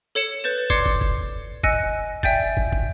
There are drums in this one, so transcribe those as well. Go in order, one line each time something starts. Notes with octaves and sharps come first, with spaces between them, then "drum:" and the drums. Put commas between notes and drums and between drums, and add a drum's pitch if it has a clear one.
A4 C#5 C#7 E7
B4 G6 A6 E7
D5 C6 D6 G#6 C7 C#7, drum: kick
drum: kick
drum: kick
D#5 G#5 E6 F#6 A#6 C#7, drum: kick
D5 E5 G5 G#5 G6 A6, drum: kick
drum: kick
drum: kick